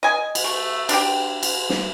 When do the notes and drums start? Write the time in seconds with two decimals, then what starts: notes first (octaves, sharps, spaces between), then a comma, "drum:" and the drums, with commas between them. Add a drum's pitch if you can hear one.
0.03 D#5 G#5
0.35 drum: cymbal
0.44 A3
0.89 D4 G4 G5, drum: cymbal
1.43 drum: cymbal
1.70 drum: snare